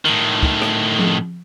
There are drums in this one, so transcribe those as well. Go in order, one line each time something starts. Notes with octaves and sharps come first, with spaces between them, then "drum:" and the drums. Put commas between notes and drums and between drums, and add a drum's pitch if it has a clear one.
A2 D#3
drum: kick
drum: rim click
drum: tom F3